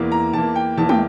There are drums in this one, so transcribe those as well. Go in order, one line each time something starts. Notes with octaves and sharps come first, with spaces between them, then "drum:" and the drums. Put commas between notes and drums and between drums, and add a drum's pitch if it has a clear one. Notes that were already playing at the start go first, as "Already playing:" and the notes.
Already playing: E2 E3 A#3
A#5
E2 E3 A#3 A5
G5
E2 E3 A#3 A5
G5, drum: tom